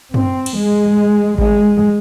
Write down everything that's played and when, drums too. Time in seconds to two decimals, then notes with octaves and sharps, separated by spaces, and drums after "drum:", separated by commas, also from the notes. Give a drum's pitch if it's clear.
0.14 C4, drum: tom
0.46 drum: cymbal
0.56 G#3
1.38 G#3, drum: kick G#1